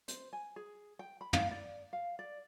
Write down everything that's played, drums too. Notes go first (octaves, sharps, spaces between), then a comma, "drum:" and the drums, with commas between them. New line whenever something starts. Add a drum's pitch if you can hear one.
C5, drum: hi-hat
G#5
G#4
G5
B5
F5, drum: tom
D5
F5
D5